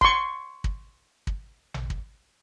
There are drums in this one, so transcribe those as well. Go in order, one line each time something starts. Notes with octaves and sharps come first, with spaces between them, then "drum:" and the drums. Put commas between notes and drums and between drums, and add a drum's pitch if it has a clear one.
C6 C#6, drum: kick
drum: kick
drum: kick
drum: tom A1
drum: kick